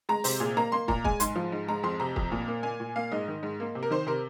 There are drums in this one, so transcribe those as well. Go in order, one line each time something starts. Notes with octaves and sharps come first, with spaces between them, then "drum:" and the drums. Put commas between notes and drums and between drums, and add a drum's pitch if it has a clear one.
G#3 A#5
C3 C5, drum: open hi-hat
A#2 G#4
A#3 A#5
A#3 C6
A#2 A#5, drum: kick
G#3 G#5, drum: kick
G#2 C6, drum: hi-hat
F3
G#2
G#3 A#5
F2 C6
C3 A#5
F2, drum: kick
A#2
A#3
A#3 G#5
A#2
A#3 F5
G#2 D#5
D#3
G#2
A#3
C3
A#4
D#3 C5
C3 A#4